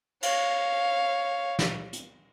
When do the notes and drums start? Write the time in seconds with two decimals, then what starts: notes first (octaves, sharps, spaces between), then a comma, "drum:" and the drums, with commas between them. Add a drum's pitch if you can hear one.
0.23 C#5 F5, drum: cymbal
1.59 drum: snare
1.93 drum: hi-hat